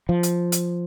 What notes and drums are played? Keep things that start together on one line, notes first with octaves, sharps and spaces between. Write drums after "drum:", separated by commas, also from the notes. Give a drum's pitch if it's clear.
F3
drum: hi-hat
drum: hi-hat